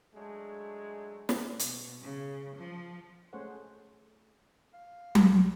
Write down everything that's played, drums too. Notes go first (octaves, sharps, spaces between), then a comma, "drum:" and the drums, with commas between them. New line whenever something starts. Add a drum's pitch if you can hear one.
F#3 G#3 A3 D4
drum: snare
B2, drum: hi-hat
C#3
F3
A3 C#4 G#4 C5 C#5 F#5
F5
B1, drum: tom F#3